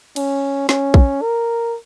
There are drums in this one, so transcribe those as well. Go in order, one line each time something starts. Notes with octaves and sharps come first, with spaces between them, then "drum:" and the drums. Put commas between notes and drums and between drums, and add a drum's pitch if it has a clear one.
C#4, drum: cymbal
C#4, drum: snare
drum: kick A#1
A#4